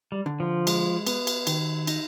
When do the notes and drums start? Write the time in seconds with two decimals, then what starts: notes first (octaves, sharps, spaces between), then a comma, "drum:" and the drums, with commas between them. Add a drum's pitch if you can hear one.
0.12 G3
0.26 D3
0.40 F3
0.67 G#3, drum: cymbal
1.07 B3, drum: cymbal
1.27 drum: cymbal
1.47 D#3, drum: cymbal
1.87 D#4, drum: cymbal